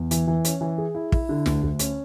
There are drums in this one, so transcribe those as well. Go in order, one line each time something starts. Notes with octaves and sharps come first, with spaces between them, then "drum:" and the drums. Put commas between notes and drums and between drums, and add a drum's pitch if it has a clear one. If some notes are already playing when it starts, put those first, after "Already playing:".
Already playing: E2
E3, drum: hi-hat
E3
C#4, drum: hi-hat
E3
G#4
E4
E4, drum: kick
D3
D2, drum: snare
D2
C#4, drum: hi-hat